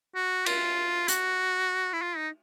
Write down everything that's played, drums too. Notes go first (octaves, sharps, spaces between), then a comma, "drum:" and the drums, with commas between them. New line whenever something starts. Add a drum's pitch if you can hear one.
F#4
F4, drum: cymbal
F#4, drum: hi-hat
E4
F4
D#4